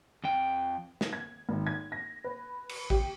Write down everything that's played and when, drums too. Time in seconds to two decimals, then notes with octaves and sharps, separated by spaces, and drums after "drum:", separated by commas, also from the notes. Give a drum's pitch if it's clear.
0.24 F2 G5
1.01 drum: snare
1.13 G#6
1.49 G#1
1.66 G#6
1.92 A#6
2.24 B4
2.69 drum: cymbal
2.90 G4, drum: kick